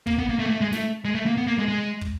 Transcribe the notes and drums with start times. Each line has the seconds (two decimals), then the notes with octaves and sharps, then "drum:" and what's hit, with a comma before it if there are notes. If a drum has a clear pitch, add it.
0.07 A#3, drum: kick
0.19 B3
0.29 A#3
0.39 A3
0.46 A#3
0.51 A3
0.61 G#3
0.73 A3, drum: snare
1.05 G#3
1.15 A3
1.26 A#3
1.37 B3
1.47 A#3
1.59 G#3
1.69 G#3
2.01 drum: kick